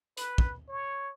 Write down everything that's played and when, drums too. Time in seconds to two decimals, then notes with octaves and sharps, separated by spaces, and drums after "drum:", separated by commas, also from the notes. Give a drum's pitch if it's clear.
0.17 B4, drum: hi-hat
0.38 drum: kick
0.68 C#5